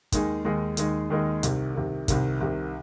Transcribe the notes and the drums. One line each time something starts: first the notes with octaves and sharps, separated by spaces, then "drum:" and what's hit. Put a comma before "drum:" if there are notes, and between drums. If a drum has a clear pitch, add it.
D#2 D#3 G#3 D#4 G#4, drum: kick, hi-hat
D#2 D#3 G#3 D#4 G#4
D#2 D#3 G#3 D#4 G#4, drum: hi-hat
D#2 D#3 G#3 D#4 G#4
C2 C3 D#3, drum: hi-hat
C2 C3 D#3
C2 C3 D#3, drum: kick, hi-hat
C2 C3 D#3